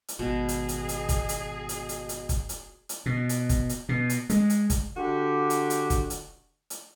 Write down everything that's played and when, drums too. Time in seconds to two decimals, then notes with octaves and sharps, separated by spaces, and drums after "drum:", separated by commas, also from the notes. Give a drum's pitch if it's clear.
0.08 drum: hi-hat
0.19 G#1 B2 G#4
0.49 drum: hi-hat
0.69 drum: hi-hat
0.89 drum: hi-hat
1.09 drum: kick, hi-hat
1.29 drum: hi-hat
1.69 drum: hi-hat
1.89 drum: hi-hat
2.09 drum: hi-hat
2.29 drum: kick, hi-hat
2.49 drum: hi-hat
2.89 drum: hi-hat
3.06 B2
3.29 drum: hi-hat
3.49 drum: kick, hi-hat
3.69 drum: hi-hat
3.89 B2
4.10 drum: hi-hat
4.30 G#3, drum: hi-hat
4.50 drum: hi-hat
4.70 drum: kick, hi-hat
4.97 D3 F#4 G4
5.50 drum: hi-hat
5.70 drum: hi-hat
5.90 drum: kick, hi-hat
6.10 drum: hi-hat
6.70 drum: hi-hat